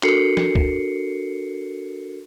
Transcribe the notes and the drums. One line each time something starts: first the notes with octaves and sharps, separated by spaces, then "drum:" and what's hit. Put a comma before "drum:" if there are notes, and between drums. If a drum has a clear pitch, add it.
D4 F#4 A4 A#4 C7 C#7, drum: clap
drum: snare
drum: kick